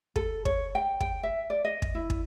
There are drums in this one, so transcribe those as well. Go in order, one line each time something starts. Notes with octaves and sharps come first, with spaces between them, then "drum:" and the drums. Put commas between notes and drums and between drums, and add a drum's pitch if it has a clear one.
A4, drum: kick
C#5, drum: kick
G5
G5, drum: kick
E5
D5
D#5
drum: kick
E4
drum: kick